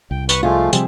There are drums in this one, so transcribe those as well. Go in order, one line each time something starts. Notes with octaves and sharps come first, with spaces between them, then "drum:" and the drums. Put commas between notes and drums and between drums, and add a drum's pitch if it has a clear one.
C2 G5
B4 C#6, drum: tambourine
F3 G#3 A3 F4 G#5
C3 F3 G3 C4 E5, drum: tambourine